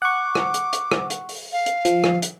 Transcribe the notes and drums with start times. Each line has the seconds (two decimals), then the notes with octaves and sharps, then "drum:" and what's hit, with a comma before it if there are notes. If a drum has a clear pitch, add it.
0.02 F#5 C#6 D6
0.35 drum: rim click
0.54 drum: hi-hat
0.73 drum: hi-hat
0.91 drum: rim click
1.10 drum: hi-hat
1.29 drum: open hi-hat
1.52 F5
1.66 drum: hi-hat
1.85 F3, drum: hi-hat
2.04 drum: rim click
2.22 drum: hi-hat